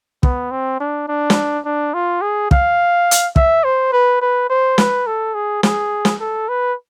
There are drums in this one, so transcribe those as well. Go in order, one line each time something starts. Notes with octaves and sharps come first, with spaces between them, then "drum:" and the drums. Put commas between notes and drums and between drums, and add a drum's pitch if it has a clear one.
B3, drum: kick
C4
D4
D4
drum: snare
D4
F4
G#4
F5, drum: kick
drum: hi-hat
E5, drum: kick
C5
B4
B4
C5
B4, drum: snare
A4
G#4
G#4, drum: snare
drum: snare
A4
B4